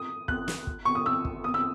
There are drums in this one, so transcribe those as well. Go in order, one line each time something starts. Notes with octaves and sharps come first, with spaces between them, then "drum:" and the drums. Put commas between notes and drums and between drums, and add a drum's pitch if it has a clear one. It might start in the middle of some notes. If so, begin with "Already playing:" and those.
Already playing: D#6
F#6, drum: kick
drum: snare
drum: kick
C#6
D#6
E6
drum: kick
D#6
E6